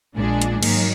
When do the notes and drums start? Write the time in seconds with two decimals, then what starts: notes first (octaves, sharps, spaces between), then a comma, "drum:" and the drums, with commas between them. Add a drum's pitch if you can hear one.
0.16 A#1 A#2 G#3 D4 G#4
0.41 drum: hi-hat
0.63 G#2 D#3 F#3 A#3, drum: cymbal